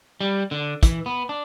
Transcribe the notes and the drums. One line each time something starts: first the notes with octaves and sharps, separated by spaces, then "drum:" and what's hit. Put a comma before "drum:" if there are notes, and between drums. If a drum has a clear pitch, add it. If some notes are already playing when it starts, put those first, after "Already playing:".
G3
D3
E3, drum: kick, hi-hat
B3
D4